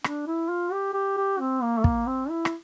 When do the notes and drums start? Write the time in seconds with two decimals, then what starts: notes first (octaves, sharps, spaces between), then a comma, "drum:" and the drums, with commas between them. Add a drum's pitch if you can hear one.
0.04 D4, drum: rim click
0.27 E4
0.49 F4
0.72 G4
0.94 G4
1.17 G4
1.39 C4
1.63 A#3
1.78 A3
1.84 A#3, drum: kick
2.07 C4
2.30 E4
2.45 drum: rim click